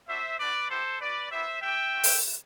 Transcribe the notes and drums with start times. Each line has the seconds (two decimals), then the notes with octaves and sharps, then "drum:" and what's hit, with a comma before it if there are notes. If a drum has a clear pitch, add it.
0.08 G3 D4 F#4 C5 E5
0.39 A3 D4 F#4 B4 D5
0.70 B3 E4 G4 A4 C5
1.00 B3 F#4 B4 D5
1.31 B3 E4 G4 C5 E5
1.62 A3 C4 G4 E5 G5
1.93 C4 F#4
2.04 drum: open hi-hat